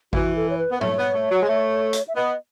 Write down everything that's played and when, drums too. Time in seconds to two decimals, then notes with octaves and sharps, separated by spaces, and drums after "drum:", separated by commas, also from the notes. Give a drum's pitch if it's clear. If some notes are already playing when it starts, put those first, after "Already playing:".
0.13 E3 F#4, drum: kick G#1
0.36 A4
0.50 C#5
0.58 B4
0.72 B3 B4
0.81 A3 C#5, drum: tom
0.98 B3
1.15 A3
1.31 F#3
1.43 G#3
1.49 A3
1.93 drum: hi-hat
2.08 E5
2.16 B3 D#5